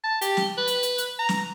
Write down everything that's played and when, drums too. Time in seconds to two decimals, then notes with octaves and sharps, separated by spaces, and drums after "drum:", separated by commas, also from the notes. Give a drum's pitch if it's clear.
0.04 A5
0.22 G4, drum: hi-hat
0.37 drum: snare
0.58 B4
0.67 drum: hi-hat
0.83 drum: hi-hat
0.98 drum: hi-hat
1.19 A#5
1.29 drum: snare